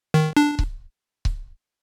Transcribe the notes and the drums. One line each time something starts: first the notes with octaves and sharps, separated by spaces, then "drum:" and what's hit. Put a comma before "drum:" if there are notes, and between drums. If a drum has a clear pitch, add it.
D#3
D4
drum: kick C#1
drum: kick C#1